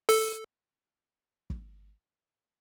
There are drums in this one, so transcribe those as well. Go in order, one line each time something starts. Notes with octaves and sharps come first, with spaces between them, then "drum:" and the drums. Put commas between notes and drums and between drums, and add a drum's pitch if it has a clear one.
A4, drum: open hi-hat
drum: kick